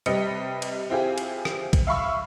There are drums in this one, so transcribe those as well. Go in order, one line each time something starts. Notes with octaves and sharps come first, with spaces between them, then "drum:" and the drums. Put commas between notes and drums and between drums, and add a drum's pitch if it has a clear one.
C3 G3 B4 D#5 C#7, drum: cymbal
drum: cymbal
C4 E4 F4 G4 G#4
drum: cymbal
drum: rim click
drum: kick, cymbal
E5 F5 B5 C#6 E6